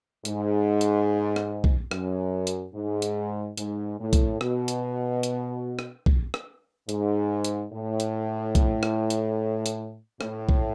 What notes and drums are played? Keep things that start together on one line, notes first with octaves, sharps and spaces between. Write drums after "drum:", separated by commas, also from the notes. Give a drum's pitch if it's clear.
G#2, drum: hi-hat
drum: hi-hat
drum: rim click
drum: kick
F#2, drum: rim click
drum: hi-hat
G#2
drum: hi-hat
G#2, drum: hi-hat
A2
drum: kick, hi-hat
B2, drum: rim click
drum: hi-hat
drum: hi-hat
drum: rim click
drum: kick
drum: rim click
G#2, drum: hi-hat
drum: hi-hat
A2
drum: hi-hat
drum: kick, hi-hat
drum: rim click
drum: hi-hat
drum: hi-hat
A2, drum: rim click
drum: kick